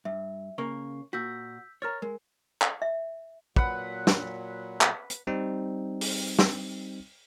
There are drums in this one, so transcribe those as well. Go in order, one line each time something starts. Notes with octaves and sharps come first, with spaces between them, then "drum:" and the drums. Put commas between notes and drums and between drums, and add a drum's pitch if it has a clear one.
G2 E5
C#3 A#3 A#4 C#6
A#2 F#4 E6 G6 B6
A#4 C#5 A#5 F6 A6
G#3 A#4
drum: clap
E5
A#2 F#3 B4 F#5, drum: kick
drum: snare
drum: clap
drum: hi-hat
G3 C4 D#4
drum: open hi-hat
drum: snare